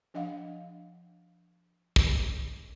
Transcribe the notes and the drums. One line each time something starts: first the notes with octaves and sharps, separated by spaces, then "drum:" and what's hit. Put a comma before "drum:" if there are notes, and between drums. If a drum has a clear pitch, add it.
F3 D4 D#5 F5 F#5
drum: kick